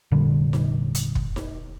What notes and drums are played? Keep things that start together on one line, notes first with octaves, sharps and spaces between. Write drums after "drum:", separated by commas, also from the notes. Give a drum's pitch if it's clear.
F1 A#2 D3 G3
drum: snare D#4
drum: hi-hat
drum: kick
drum: snare D#4